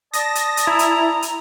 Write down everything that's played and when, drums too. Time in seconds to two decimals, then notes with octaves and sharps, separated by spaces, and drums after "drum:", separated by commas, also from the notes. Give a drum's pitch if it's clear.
0.14 D5 A5 D#6 A#6, drum: hi-hat
0.35 drum: hi-hat
0.57 drum: hi-hat
0.67 E4 A#5
0.79 drum: hi-hat
1.22 drum: hi-hat